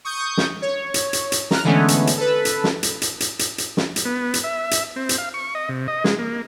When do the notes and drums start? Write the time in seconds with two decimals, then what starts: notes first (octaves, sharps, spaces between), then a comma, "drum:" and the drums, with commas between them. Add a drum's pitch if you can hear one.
0.05 C#6 D#6 G6
0.37 drum: snare
0.62 C#5
0.94 drum: hi-hat
1.13 drum: hi-hat
1.32 drum: hi-hat
1.51 A#5 F6 F#6, drum: snare
1.64 D3 E3 G#3 A3 B3 C#4
1.88 drum: hi-hat
2.07 drum: hi-hat
2.17 A4 B4
2.45 drum: hi-hat
2.64 drum: snare
2.83 drum: hi-hat
3.02 drum: hi-hat
3.20 drum: hi-hat
3.39 drum: hi-hat
3.58 drum: hi-hat
3.77 drum: snare
3.96 drum: hi-hat
4.05 B3
4.34 drum: hi-hat
4.44 E5
4.71 drum: hi-hat
4.96 C4
5.09 drum: hi-hat
5.18 F5
5.34 C#6
5.55 D#5
5.69 C3
5.88 D#5
6.04 G#3, drum: snare
6.19 A#3